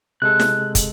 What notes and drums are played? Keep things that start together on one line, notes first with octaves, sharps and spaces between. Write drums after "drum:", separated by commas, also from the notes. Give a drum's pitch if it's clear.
C3 G#3 A4 F#6
drum: snare
drum: kick, hi-hat